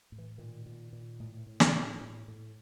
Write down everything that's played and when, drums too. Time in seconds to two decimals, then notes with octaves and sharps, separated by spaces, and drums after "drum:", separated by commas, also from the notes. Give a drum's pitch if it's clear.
0.12 A2
0.18 E3
0.38 A#2 D#3
0.66 A#2
0.93 A#2
1.20 A2
1.47 A2
1.60 drum: snare
1.73 A2
2.01 A2
2.28 A2